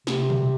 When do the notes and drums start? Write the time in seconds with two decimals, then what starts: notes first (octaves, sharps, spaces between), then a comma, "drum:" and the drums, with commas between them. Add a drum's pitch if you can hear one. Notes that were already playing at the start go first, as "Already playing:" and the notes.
0.07 C3, drum: snare
0.30 drum: tom A#2